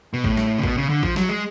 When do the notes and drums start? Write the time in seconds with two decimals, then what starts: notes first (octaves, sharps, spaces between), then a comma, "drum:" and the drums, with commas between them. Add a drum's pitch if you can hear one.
0.14 B2
0.24 A2, drum: kick A1
0.37 drum: snare
0.59 C#3
0.63 B2, drum: kick A1
0.77 C#3
0.89 D3
1.03 F3, drum: kick A1
1.16 F#3, drum: snare
1.29 G#3